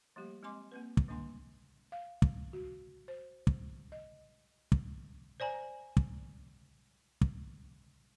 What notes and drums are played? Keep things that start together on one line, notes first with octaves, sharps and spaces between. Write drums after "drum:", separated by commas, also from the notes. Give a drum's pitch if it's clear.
F3 G3 A3 A#3 G4
G#3 C4 D#5 G#5 C6 D6
A#3 C4 B4
drum: kick
D3 G3 A#3 D4 G#5 C6
F5
drum: kick
F#4
C5
drum: kick
D#5
drum: kick
C5 D5 G#5 A#5
drum: kick
drum: kick